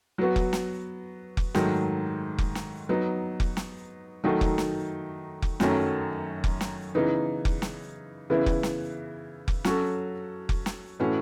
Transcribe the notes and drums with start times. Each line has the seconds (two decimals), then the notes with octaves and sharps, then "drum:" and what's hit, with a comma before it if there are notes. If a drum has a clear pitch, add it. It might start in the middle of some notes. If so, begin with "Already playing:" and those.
0.18 F#3 B3 F#4
0.36 drum: kick F1
0.53 drum: snare
1.37 drum: kick F1
1.55 G#2 D#3 F#3 A3, drum: snare
2.38 drum: kick F1
2.55 drum: snare
2.89 F#3 B3 D#4
3.40 drum: kick F1
3.57 drum: snare
4.24 D#3 F#3 A3 D#4 F#4
4.41 drum: kick F1
4.58 drum: snare
5.42 drum: kick F1
5.60 F#2 D#3 F#3 A3 C#4, drum: snare
6.44 drum: kick F1
6.61 drum: snare
6.95 C#3 E3 B3 D#4
7.45 drum: kick F1
7.62 drum: snare
8.30 C#3 E3 B3 E4
8.46 drum: kick F1
8.63 drum: snare
9.48 drum: kick F1
9.64 F#3 C#4 F#4 A4, drum: snare
10.49 drum: kick F1
10.66 drum: snare
10.99 A2 E3 A3 C#4 F#4